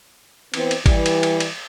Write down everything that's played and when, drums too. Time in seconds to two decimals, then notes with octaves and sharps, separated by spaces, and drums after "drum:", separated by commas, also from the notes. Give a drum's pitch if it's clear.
0.54 E3 B3 C4, drum: cymbal
0.71 drum: cymbal
0.86 E3 G3, drum: kick G#1, cymbal
1.06 drum: cymbal
1.23 drum: cymbal
1.40 drum: cymbal